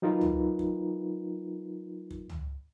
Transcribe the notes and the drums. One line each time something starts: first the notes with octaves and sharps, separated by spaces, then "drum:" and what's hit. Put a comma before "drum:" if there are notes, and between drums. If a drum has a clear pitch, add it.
F#3 D#4 F4 A#4 B4
drum: tom C#2
drum: kick
drum: kick
drum: tom C#2